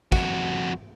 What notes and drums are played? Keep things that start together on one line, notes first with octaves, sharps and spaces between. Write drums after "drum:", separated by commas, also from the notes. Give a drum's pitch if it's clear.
F2 F#4, drum: kick